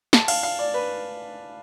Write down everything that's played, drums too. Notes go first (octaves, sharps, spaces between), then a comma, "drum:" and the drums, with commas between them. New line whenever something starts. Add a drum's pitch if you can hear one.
A5, drum: snare
F5, drum: cymbal
F5
D5
B4